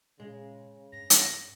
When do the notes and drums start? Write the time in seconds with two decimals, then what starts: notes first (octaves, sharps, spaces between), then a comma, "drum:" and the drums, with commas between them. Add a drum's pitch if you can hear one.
0.20 A#2 C#3 G#3
0.92 G2 A#6
1.10 drum: hi-hat